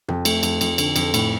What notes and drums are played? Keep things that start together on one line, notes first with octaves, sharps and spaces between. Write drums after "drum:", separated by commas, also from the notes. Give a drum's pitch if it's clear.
F2, drum: tom
A3, drum: cymbal
F2, drum: cymbal
F2, drum: cymbal
D3, drum: cymbal
F2, drum: cymbal
A2, drum: cymbal